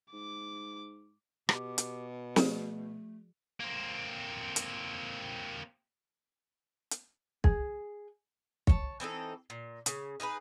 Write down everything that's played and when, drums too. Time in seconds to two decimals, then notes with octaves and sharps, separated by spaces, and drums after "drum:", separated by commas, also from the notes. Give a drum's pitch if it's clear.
0.13 G#2 D6
1.49 B2 G4, drum: rim click
1.78 drum: hi-hat
2.36 F3 A3 F#4 G#4, drum: snare
3.60 A#3 C4
4.56 drum: hi-hat
6.91 drum: hi-hat
7.44 G#4, drum: kick
8.67 C#5 A5, drum: kick
9.00 E3 C4 D#4 A4
9.50 A#2
9.86 C#3, drum: hi-hat
10.20 D#4 G#4 A#4 B4